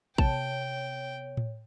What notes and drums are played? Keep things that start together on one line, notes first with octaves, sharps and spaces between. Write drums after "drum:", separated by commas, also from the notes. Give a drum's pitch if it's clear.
C3 B3 C#5 G5 A5, drum: kick A1
drum: tom A2